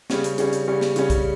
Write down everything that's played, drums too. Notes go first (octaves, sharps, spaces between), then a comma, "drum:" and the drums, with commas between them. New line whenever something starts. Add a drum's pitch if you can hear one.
C#3 G3 C#4, drum: snare
drum: hi-hat
C#3 G3 C#4, drum: hi-hat
drum: hi-hat
C#3 G3 C#4
drum: snare
C#3 G3 C#4, drum: hi-hat
drum: kick, hi-hat